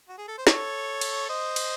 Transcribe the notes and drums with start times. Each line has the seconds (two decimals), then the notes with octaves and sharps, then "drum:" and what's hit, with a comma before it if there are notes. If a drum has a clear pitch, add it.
0.08 F#4
0.18 G#4
0.28 A4
0.37 C5
0.47 A4 C#5, drum: snare
1.01 drum: cymbal
1.29 C5 D#5
1.56 drum: cymbal